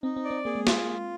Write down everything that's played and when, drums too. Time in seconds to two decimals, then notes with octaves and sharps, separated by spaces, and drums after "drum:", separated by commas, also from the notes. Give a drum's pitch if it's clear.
0.03 C4 D#4
0.17 C4
0.24 D5
0.31 C4
0.45 A#3 G#4
0.55 G#3
0.67 G#3 F4, drum: snare